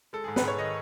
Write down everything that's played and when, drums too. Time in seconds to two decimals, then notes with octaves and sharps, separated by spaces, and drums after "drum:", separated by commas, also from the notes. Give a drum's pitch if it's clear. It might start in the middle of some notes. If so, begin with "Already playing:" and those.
0.13 G#3 A4
0.24 G#2 G#4
0.36 B4, drum: snare
0.43 G#2 C#5
0.59 D#3 D#5